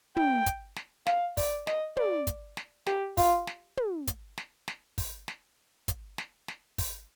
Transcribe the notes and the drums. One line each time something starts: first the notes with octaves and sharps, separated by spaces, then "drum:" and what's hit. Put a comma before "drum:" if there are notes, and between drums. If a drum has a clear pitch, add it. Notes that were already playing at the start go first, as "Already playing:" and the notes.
G5, drum: tom
drum: kick, hi-hat
drum: snare
F5, drum: snare
D5, drum: kick, open hi-hat
D#5, drum: snare
D5, drum: tom
drum: kick, hi-hat
drum: snare
G4, drum: snare
F4, drum: kick, open hi-hat
drum: snare
drum: tom
drum: kick, hi-hat
drum: snare
drum: snare
drum: kick, open hi-hat
drum: snare
drum: kick, hi-hat
drum: snare
drum: snare
drum: kick, open hi-hat